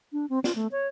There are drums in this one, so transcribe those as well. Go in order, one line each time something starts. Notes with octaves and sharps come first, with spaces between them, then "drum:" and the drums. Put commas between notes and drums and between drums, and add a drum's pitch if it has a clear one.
D4
C4
F4, drum: snare
A3
C#5